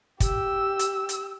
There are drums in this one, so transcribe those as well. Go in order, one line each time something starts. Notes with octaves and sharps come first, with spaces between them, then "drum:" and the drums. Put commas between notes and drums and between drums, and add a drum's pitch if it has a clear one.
G4 E6, drum: kick, hi-hat
drum: hi-hat
drum: hi-hat